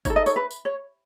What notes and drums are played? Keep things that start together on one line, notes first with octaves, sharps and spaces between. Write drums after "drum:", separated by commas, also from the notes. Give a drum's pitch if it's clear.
D#4 A4 C#5, drum: kick G1, tambourine
D#5
C#5, drum: tambourine
B4
drum: tambourine
C#5